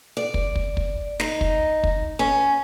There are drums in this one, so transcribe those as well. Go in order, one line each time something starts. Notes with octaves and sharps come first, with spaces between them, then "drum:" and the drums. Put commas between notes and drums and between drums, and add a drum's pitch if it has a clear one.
D5
drum: kick
drum: kick
drum: kick
D#4, drum: snare
drum: kick
drum: kick
C#4